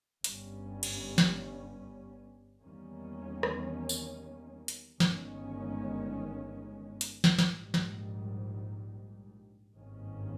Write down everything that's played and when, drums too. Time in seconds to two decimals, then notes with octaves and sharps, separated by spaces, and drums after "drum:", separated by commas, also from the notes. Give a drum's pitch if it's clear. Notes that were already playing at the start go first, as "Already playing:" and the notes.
0.24 G1 G2 G3 C#4, drum: hi-hat
0.83 drum: cymbal
1.18 drum: snare
2.62 E2 D#3 G3 A#3 C#4
3.43 drum: rim click
3.89 drum: tambourine
4.68 drum: hi-hat
5.00 G1 G2 D#3 G#3 C#4, drum: snare
7.01 drum: hi-hat
7.24 drum: snare
7.39 A#1 G#2 G3, drum: snare
7.74 drum: snare
9.76 G#1 G2 D#3 A#3 C#4